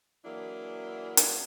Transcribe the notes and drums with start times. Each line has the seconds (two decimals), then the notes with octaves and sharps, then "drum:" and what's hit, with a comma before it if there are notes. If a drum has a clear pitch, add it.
0.24 E3 F#3 A#3 D4 E4 G#4
1.17 drum: hi-hat